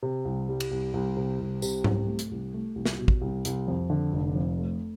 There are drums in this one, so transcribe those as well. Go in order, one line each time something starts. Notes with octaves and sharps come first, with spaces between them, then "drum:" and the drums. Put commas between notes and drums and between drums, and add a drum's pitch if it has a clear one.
C3
C2
G3
drum: cymbal
C2
C2
C3
C2
C3, drum: tambourine
C2, drum: tom G#2
A3
drum: hi-hat
C2
A3
C2
drum: snare
B2
drum: kick
C2
C2, drum: hi-hat
F2
D3
F1
F2
A3